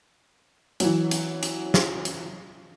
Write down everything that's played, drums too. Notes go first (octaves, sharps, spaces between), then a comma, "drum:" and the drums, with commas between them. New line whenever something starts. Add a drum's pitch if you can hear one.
E3 F#3, drum: hi-hat
drum: hi-hat
drum: hi-hat
drum: snare
drum: hi-hat